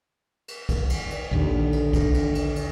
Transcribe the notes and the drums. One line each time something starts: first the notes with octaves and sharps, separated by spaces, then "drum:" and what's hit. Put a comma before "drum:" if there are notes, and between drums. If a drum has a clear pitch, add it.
drum: cymbal
drum: kick, cymbal
drum: cymbal
drum: cymbal
A#1 D#2 D3
drum: cymbal
drum: kick, cymbal
drum: cymbal
drum: cymbal
drum: cymbal